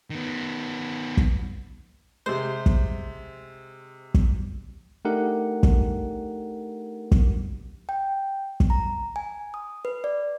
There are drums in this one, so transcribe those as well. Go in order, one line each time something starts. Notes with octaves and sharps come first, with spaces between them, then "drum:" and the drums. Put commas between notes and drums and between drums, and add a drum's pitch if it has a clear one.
D#3 B3
drum: kick
C3 G#3 C5
drum: kick
drum: kick
A3 D4 D#4 G4 A#4 F#5
drum: kick
drum: kick
G5
drum: kick
A#5
G#5
D#6
B4
D5